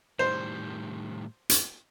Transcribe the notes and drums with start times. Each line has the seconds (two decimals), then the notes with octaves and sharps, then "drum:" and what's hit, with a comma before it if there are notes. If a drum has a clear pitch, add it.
0.19 A2 D#3 G3 C5
1.49 drum: hi-hat